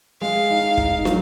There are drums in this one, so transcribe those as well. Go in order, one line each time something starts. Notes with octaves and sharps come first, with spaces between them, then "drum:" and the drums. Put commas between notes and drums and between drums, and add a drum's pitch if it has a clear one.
G#3 F5
D#4
D#4, drum: kick
F#3, drum: snare